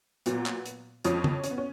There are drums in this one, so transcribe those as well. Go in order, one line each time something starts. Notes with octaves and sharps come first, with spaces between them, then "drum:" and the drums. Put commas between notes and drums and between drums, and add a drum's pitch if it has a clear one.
A#2 F#3 B3, drum: hi-hat
drum: clap
drum: hi-hat
F2 F3 C#4, drum: hi-hat
drum: tom C#3
C#4, drum: hi-hat
B3
C#4